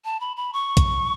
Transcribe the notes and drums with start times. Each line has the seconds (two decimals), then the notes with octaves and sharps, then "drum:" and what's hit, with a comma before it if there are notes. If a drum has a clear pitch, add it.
0.05 A5
0.20 B5
0.37 B5
0.53 C#6
0.77 drum: kick, hi-hat